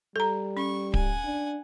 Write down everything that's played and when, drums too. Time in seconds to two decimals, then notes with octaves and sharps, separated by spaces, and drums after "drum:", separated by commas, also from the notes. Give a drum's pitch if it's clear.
0.16 G3 A4 A#5
0.57 C#4 C#6
0.94 F#5 G#5, drum: kick D1
1.25 D4